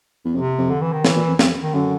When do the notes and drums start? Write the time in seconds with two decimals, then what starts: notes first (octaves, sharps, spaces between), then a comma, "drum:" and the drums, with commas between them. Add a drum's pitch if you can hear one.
0.25 E2
0.35 F2 C3
0.58 F2
0.70 D3
0.81 E3
0.93 D#3
1.04 A2 E3, drum: snare
1.16 A#2
1.28 F2
1.39 F2, drum: snare
1.63 D#3
1.74 F#2 D3